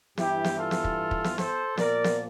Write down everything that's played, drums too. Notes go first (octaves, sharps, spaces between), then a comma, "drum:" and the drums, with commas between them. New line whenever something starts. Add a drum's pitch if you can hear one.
G2 E3 E4 G4, drum: snare
drum: snare
F4 A4
drum: snare
drum: kick
drum: kick
drum: snare
A4 C5, drum: snare
A#2 F3 A#4 D5, drum: snare
drum: snare